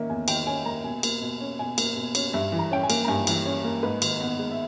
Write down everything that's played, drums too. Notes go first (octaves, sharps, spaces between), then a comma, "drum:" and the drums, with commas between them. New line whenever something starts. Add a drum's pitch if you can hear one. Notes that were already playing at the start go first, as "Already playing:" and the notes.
Already playing: D#3 A#3 C#4 E5
E2 G#5
D#3 G5, drum: cymbal
C#4 G#5
A#3 A#5
B2 G#5
A#3, drum: cymbal
B2
C#4
B2 G#5
A#3, drum: cymbal
B2
C#4, drum: cymbal
G2 E5
E3
A#5
C#4 G5
G#5
A#3, drum: cymbal
A#5
G2 G#5
E3, drum: cymbal
C#4
A#3
G#2 B4
D#3, drum: cymbal
B3
G#3
E5